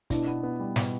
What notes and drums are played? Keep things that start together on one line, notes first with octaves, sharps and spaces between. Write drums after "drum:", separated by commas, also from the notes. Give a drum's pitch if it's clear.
B2 D4 E4, drum: kick, hi-hat
B3
B3
G3
B2, drum: snare